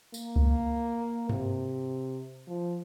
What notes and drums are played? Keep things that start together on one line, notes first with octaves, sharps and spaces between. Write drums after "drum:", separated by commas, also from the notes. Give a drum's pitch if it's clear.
A#3, drum: tambourine
drum: kick C#2
C3, drum: tom G2
F3